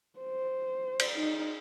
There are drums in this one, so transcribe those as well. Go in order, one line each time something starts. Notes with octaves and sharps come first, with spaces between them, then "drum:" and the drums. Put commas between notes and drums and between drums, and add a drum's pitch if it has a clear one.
C5
drum: cymbal
D#4